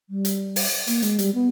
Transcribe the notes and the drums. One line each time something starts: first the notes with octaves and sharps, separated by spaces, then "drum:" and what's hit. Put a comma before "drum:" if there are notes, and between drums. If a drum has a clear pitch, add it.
G3
drum: hi-hat
drum: open hi-hat
A#3, drum: hi-hat
G#3, drum: hi-hat
G3, drum: hi-hat
B3